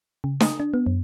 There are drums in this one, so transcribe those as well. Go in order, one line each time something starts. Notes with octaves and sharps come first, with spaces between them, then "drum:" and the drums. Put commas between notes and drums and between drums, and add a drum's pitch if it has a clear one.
C#3
D#6, drum: snare
D4
B3
F#2